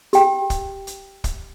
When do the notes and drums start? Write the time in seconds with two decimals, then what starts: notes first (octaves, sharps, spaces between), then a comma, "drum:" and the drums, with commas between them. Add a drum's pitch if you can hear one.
0.13 G4 G5, drum: hi-hat
0.50 drum: kick, hi-hat
0.87 drum: hi-hat
1.24 drum: kick, hi-hat